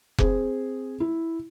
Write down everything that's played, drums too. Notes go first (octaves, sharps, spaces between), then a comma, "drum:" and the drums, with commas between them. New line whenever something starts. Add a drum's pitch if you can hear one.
C4 G#4 C5, drum: kick F1
E4